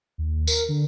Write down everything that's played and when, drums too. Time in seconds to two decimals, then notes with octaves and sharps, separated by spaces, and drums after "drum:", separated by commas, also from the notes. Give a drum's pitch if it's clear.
0.18 D#2
0.47 A#4, drum: tambourine
0.68 D3